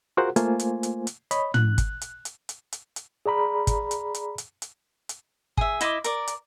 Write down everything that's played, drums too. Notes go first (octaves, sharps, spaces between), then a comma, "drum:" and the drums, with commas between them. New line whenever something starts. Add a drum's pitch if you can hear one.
F4 F#4 G#4 A#4 C5 F#5
A3 A#3 F4 C5 G#5, drum: hi-hat
drum: hi-hat
drum: hi-hat
drum: hi-hat
C#5 D#5 B5, drum: hi-hat
F#6, drum: tom
drum: kick, hi-hat
drum: hi-hat
drum: hi-hat
drum: hi-hat
drum: hi-hat
drum: hi-hat
G#4 D5 A#5 B5
drum: kick, hi-hat
drum: hi-hat
drum: hi-hat
drum: hi-hat
drum: hi-hat
drum: hi-hat
G#4 E5, drum: kick
E4 D#5 C6 D6, drum: hi-hat
A#4 D5, drum: hi-hat
drum: hi-hat